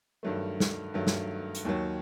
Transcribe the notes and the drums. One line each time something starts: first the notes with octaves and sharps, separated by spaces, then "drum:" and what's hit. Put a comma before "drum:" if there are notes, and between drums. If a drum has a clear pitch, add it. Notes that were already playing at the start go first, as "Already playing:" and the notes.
G2 D#3 F#3 A3
drum: snare
G2 D#3 F#3 A3
drum: snare
drum: hi-hat
D#2 D#3 F#3